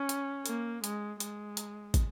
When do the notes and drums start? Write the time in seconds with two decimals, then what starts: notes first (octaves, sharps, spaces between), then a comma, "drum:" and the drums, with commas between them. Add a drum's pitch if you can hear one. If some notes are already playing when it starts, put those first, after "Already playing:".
Already playing: C#4
0.09 drum: hi-hat
0.46 A#3, drum: hi-hat
0.84 G#3, drum: hi-hat
1.20 G#3, drum: hi-hat
1.57 drum: hi-hat
1.94 drum: kick, hi-hat